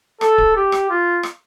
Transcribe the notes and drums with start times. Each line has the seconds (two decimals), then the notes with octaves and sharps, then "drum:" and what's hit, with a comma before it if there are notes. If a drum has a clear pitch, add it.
0.21 A4, drum: rim click
0.38 drum: kick D1
0.56 G4
0.72 drum: rim click
0.90 F4
1.23 drum: rim click